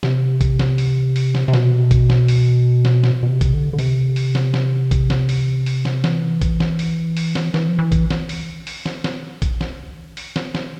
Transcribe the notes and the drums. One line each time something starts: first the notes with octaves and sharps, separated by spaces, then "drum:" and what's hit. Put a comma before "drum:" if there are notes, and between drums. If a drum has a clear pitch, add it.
C3, drum: snare
drum: kick A#1, hi-hat
drum: snare
drum: open hi-hat
drum: open hi-hat
drum: snare
C3
B2, drum: snare
drum: kick A#1, hi-hat
drum: snare
drum: open hi-hat
drum: snare
drum: snare
B2
C3
drum: kick A#1, hi-hat
D3
D3
C3, drum: open hi-hat
drum: open hi-hat
drum: snare
drum: snare
drum: kick A#1, hi-hat
drum: snare
drum: open hi-hat
drum: open hi-hat
drum: snare
E3, drum: snare
drum: kick A#1, hi-hat
drum: snare
drum: open hi-hat
drum: open hi-hat
drum: snare
E3, drum: snare
F3
E3
drum: kick A#1, hi-hat
drum: snare
drum: open hi-hat
drum: open hi-hat
drum: snare
drum: snare
drum: kick A#1, hi-hat
drum: snare
drum: open hi-hat
drum: snare
drum: snare